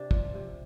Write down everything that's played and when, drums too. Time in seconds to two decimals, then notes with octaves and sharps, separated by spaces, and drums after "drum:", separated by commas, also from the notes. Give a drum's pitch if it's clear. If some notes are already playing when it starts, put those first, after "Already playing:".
Already playing: C3 D4
0.11 F3, drum: kick
0.35 C3